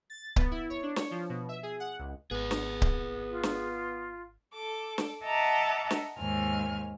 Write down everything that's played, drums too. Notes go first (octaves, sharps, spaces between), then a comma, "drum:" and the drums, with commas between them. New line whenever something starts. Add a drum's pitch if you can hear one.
A6
B3, drum: kick C#1
E4
C#5
D4
C#5, drum: snare
F3
B2
E5
G#4
F#5
C#2
G#1 B3 G#4 B4
drum: snare
drum: kick C#1
F4
drum: snare
A4 D6
drum: snare
D#5 E5 F#5 A5 A#5 D6
drum: snare
D#2 G#2 G#5 F6